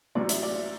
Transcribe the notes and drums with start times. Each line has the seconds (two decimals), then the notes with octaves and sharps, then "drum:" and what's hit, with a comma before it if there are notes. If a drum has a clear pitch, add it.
0.15 A1 A2 F#3 D5
0.29 E5, drum: hi-hat
0.43 D5
0.56 E5